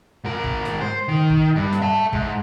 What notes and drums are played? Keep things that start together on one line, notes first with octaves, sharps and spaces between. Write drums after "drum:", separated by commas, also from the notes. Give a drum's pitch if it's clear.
G#2 A#4
drum: kick
drum: snare
C5
D#3
drum: kick
G2
drum: snare
E5 A5
G#2, drum: kick